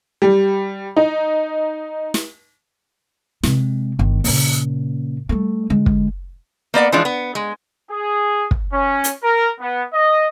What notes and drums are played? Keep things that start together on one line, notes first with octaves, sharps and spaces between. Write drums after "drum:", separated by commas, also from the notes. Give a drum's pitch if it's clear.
G3
D#4
drum: snare
C3 G#3, drum: snare
G1 D#3
A#2 C#3, drum: open hi-hat
G3 A3
D3 G#3
drum: kick
A#3 B3 D5 F#5
E3 F3 G#3 D4 F4
B3
G#3
G#4
drum: kick
C#4
drum: hi-hat
A#4
B3
D#5